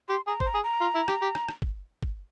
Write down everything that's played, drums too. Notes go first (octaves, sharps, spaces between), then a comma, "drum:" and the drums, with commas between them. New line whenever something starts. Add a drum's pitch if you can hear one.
G4 C6
G#4 A#5
C5, drum: kick
A#5
G#4
A#5
F4
E4
G4, drum: rim click
G4
drum: rim click
drum: rim click
drum: kick
drum: kick